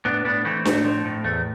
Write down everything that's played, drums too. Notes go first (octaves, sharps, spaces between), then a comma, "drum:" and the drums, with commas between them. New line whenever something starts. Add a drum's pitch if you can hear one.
A2 B3 D4
A2 B3 D4
E3 A3 C4
A2, drum: snare D4
F3
A2
E2 A3